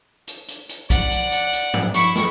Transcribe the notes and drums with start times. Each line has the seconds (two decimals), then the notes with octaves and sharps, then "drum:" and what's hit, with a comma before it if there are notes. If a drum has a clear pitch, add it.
0.27 drum: hi-hat
0.48 drum: hi-hat
0.69 drum: hi-hat
0.90 D5 F#5, drum: kick, hi-hat
1.11 drum: hi-hat
1.32 drum: hi-hat
1.53 drum: hi-hat
1.74 drum: tom G2
1.94 E4 C#6, drum: hi-hat
2.16 drum: snare